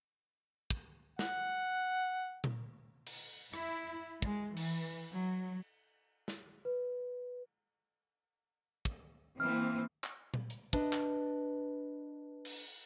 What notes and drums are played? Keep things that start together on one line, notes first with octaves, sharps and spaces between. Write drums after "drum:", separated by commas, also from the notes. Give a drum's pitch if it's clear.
drum: kick
F#5, drum: snare
drum: tom A#2
drum: cymbal
E4, drum: rim click
G#3, drum: kick
E3, drum: cymbal
F#3
drum: snare
B4
drum: kick
E3 A#3 C4 F6
drum: clap
drum: tom A#2
drum: hi-hat
D4 B4 D#5, drum: kick
drum: clap
drum: cymbal